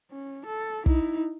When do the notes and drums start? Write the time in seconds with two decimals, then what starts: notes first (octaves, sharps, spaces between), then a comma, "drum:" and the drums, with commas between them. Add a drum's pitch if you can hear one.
0.11 C#4
0.46 A4
0.86 D#4 E4, drum: kick